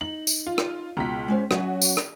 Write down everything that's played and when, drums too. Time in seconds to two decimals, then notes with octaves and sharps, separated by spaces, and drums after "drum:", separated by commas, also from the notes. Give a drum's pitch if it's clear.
0.01 D#4 F#7
0.27 drum: tambourine
0.47 F4
0.58 drum: rim click
0.97 C#2 B2 A#5 B6
1.28 G#3 C#4 C5
1.51 F#3 C#4 F#4 E5, drum: rim click
1.82 drum: tambourine
1.97 drum: rim click